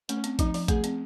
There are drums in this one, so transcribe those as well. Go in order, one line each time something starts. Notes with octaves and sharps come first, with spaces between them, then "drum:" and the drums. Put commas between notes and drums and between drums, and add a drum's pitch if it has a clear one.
A3 C#4, drum: hi-hat
C4, drum: hi-hat
F3 D#4, drum: kick, hi-hat
F3, drum: open hi-hat
A3 G#4, drum: kick, hi-hat
C4, drum: hi-hat